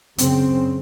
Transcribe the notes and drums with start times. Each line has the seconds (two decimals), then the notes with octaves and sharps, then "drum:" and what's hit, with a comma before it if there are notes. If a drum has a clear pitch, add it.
0.18 F#2 C#3 C4, drum: hi-hat